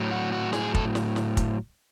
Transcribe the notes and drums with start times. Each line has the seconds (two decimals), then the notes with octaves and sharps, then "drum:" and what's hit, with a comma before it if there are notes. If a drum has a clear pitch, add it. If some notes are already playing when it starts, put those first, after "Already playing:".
Already playing: A2 F#3
0.11 F#4
0.32 F#4
0.53 G#4, drum: snare
0.75 A4, drum: kick
0.95 drum: snare
1.16 drum: snare
1.37 drum: kick, hi-hat